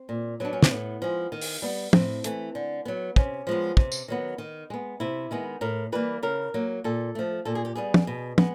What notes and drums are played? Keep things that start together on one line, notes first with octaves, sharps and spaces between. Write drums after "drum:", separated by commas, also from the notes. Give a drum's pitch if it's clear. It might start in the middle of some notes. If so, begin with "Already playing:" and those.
Already playing: C4
A#2
F#3 B3 D4
C#4
C4, drum: snare
A2 B3
F3 G#3
D#3
drum: open hi-hat
G3 B3
A2 C4, drum: tom
E3 A3, drum: hi-hat
D3
F#3 B3
C3 C#4, drum: kick
F3 G#3 B3
C3, drum: kick
drum: tambourine
D#3 F#3 B3
D#3
G#3 B3
C3 E4
D#3 G#3 B3
A2 A#4
E3 G3 A#3 B4
C#3 A#4
F#3 A#3
A#2 A4
F3 A3
A#2 A4
G#4
G4
G3 B3 G#4
drum: tom
B2
G#3 B3, drum: tom